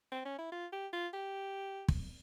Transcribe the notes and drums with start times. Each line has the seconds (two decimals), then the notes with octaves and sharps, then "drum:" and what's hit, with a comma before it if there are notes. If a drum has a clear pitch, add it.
0.12 C4
0.25 C#4
0.39 E4
0.52 F4
0.73 G4
0.93 F4
1.13 G4
1.88 drum: kick